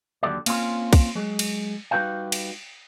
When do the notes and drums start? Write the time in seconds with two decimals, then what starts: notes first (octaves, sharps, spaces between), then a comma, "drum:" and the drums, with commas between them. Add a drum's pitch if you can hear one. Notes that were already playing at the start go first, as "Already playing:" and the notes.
0.23 D#2 D3 F#3 C4 G4 D5
0.46 A#3 C4 C#4 F4 C6, drum: cymbal
0.93 drum: kick, cymbal
1.15 F#3 G#3
1.39 drum: cymbal
1.91 G3 D#4 F#4 B4 F5 G5
2.32 drum: cymbal